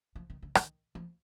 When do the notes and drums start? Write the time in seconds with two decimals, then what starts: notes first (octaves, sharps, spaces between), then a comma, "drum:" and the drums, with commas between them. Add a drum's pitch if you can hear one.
0.15 F3
0.30 D#3
0.42 D3
0.55 D#3, drum: rim click
0.95 F3